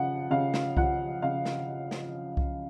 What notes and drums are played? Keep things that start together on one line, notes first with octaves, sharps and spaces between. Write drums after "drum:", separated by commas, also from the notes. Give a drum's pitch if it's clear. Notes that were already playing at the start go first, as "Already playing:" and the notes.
Already playing: C#3 F3 F#5
C#3 F5
drum: snare
F3 F#5, drum: kick C2
C#3 F5
drum: snare
drum: snare
drum: kick C2